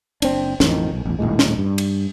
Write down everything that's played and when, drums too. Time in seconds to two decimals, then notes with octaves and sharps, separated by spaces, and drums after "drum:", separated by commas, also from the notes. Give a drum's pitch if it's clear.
0.22 F#1 C4 D4, drum: cymbal
0.60 A1 F2 G#2 D#3, drum: snare
0.92 B1
1.05 A1 E2
1.19 D#1 B1 A2 G#3
1.39 drum: snare
1.58 G2
1.78 drum: cymbal